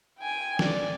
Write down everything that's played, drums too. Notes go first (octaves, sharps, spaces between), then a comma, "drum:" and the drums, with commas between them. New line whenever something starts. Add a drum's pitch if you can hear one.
G5 G#5
D5, drum: snare